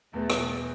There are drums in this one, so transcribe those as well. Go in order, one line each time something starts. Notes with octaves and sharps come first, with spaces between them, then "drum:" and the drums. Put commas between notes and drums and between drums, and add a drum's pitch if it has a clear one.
E2 B2 G#3 A3 B3 E4
drum: rim click